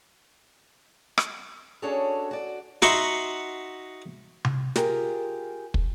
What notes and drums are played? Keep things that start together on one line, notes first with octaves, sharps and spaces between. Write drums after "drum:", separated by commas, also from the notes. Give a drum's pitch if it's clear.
drum: rim click
C#4 D4 F#4 G#4 A4 C#5
F#4 D5
D#4 F#4 E5 F#5 B5 C6, drum: snare
drum: tom C3
F4 G4 G#4 A#4, drum: snare
drum: kick